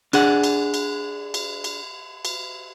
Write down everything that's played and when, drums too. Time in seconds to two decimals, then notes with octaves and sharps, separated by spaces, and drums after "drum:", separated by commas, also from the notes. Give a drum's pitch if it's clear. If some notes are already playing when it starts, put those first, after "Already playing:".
0.13 D4 G#4 F#5, drum: cymbal
0.44 drum: cymbal
0.74 drum: cymbal
1.34 drum: cymbal
1.64 drum: cymbal
2.25 drum: cymbal